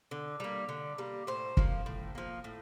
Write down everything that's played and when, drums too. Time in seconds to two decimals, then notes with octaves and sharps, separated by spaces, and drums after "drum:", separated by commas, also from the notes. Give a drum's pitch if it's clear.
0.11 D3
0.40 G3 A#3
0.69 D3
0.98 G3 A#3
1.27 A2 C5
1.57 F3 A#3, drum: kick
1.86 A2
2.15 F3 A#3
2.44 A2